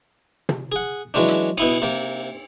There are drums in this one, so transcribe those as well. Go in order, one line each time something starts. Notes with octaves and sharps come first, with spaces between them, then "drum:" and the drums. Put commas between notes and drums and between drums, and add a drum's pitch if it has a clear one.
drum: tom
G#4 F#5
E3 F#3 G#3 C#4 D4
drum: hi-hat
B2 E4 D#6, drum: cymbal
C3 A#3